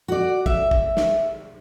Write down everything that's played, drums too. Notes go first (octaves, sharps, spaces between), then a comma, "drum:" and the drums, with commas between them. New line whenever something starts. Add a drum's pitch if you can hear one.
F#4 D5
E5, drum: kick
drum: kick
drum: snare